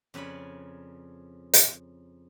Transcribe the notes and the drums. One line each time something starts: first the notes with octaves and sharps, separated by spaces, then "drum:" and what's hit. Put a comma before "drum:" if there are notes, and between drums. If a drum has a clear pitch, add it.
F2 C#3 B4 C#5 D5 B5
drum: hi-hat